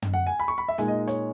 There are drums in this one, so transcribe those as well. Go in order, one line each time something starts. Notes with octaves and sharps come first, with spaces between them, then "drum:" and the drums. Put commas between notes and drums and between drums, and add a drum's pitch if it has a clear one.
drum: tom
F#5
G#5
B5
C#6
B5
E5
A#2 G#3 D#4 G#5, drum: hi-hat
D#5
C#5, drum: hi-hat